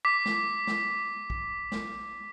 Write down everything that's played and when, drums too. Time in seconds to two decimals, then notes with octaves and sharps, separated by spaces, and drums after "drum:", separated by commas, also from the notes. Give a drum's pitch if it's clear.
0.05 D6 B6
0.26 drum: snare
0.67 drum: snare
1.30 drum: kick
1.72 drum: snare